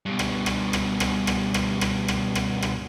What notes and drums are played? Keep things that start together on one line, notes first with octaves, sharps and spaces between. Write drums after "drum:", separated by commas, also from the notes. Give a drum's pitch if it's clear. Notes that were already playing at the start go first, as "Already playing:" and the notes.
G2 B2
drum: rim click
drum: rim click
drum: rim click
drum: rim click
drum: rim click
drum: rim click
drum: rim click
drum: rim click
drum: rim click
drum: rim click